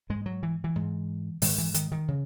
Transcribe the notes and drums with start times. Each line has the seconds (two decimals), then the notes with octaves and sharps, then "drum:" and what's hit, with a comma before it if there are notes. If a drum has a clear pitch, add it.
0.10 G#2 G#3
0.26 F#3
0.43 E3
0.64 E3
0.76 G#2
1.42 G#2 D#3, drum: open hi-hat
1.58 E3
1.74 D#3, drum: hi-hat
1.92 D#3
2.08 C#3